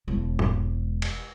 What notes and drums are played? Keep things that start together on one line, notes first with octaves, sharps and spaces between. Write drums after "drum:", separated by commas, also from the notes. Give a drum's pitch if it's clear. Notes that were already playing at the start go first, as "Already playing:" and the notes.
E1 G#3
drum: tom G#2
drum: cymbal